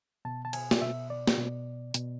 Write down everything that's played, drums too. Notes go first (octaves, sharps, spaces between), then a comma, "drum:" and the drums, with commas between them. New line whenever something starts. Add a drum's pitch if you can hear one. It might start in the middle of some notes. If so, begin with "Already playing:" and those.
B2 A5
A5
G#5, drum: cymbal
D5, drum: snare
B2 E5
D5
drum: snare
B2
B2, drum: hi-hat